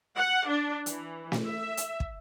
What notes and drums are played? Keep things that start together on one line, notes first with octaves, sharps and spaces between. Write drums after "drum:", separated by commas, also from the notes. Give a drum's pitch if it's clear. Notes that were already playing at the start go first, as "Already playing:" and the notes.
F#5
D4
E3, drum: hi-hat
drum: snare
E5
drum: hi-hat
drum: kick